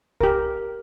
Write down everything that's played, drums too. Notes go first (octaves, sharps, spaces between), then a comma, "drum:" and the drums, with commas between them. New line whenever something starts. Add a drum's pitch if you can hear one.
G4 A#4, drum: kick C2